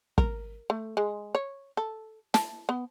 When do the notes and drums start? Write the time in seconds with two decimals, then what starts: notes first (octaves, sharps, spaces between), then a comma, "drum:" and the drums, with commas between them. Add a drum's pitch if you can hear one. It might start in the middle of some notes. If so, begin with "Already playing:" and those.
0.18 A#4, drum: kick
0.70 A3
0.97 G#3
1.35 C#5
1.77 A4
2.34 A5, drum: snare
2.69 B3